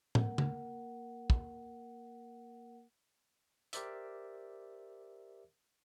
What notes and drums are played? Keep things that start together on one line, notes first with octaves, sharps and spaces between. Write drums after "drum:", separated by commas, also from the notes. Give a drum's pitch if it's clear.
A#3 A#4 F#5, drum: tom A2
drum: tom C#3
drum: kick
G4 A#4 C5 D5 E5, drum: hi-hat